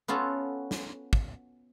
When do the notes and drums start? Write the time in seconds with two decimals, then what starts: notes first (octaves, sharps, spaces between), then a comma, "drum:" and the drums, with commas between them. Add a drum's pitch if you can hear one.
0.08 B3 C#4 F4 F#4 A4
0.71 drum: snare
1.13 drum: kick